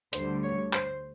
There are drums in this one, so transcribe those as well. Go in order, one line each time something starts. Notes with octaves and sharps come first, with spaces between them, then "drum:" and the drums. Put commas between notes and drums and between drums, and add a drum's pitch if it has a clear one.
D2 D3 G3 C5, drum: hi-hat
C#5
C5, drum: clap